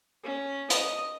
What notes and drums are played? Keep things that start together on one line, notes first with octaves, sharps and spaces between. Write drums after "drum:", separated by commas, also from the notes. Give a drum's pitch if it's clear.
C#4
D#5, drum: hi-hat